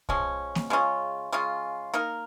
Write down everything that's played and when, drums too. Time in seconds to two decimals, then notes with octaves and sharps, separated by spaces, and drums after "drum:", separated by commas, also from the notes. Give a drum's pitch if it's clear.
0.09 F3 G#3 C#4, drum: kick
0.55 drum: snare A#3
0.70 C#3 G#3 C#4 F4
1.32 C#3 G#3 C#4 F4
1.94 A#3 D#4 A#4